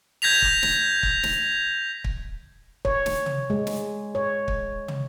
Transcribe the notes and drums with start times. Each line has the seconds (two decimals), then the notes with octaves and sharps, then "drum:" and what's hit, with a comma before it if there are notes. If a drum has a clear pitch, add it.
0.22 G6 G#6 A#6 B6 F7
0.42 drum: kick
0.62 drum: snare
1.03 drum: kick
1.23 drum: snare
2.04 drum: kick
2.85 C#5, drum: kick
3.06 drum: snare
3.26 drum: tom
3.50 G#3
3.67 drum: snare
4.15 C#5
4.48 drum: kick
4.88 drum: tom